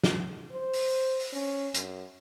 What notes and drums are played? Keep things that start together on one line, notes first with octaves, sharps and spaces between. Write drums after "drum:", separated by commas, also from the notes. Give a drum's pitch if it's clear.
drum: snare
C5
drum: open hi-hat
drum: open hi-hat
C#4
F#2, drum: hi-hat